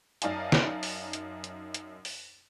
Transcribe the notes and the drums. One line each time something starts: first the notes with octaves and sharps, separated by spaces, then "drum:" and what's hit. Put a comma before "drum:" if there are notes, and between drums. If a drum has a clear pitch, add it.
F#2 D#4 D5 F5 G#5 A5, drum: hi-hat
drum: snare
drum: open hi-hat
drum: hi-hat
drum: hi-hat
drum: hi-hat
drum: open hi-hat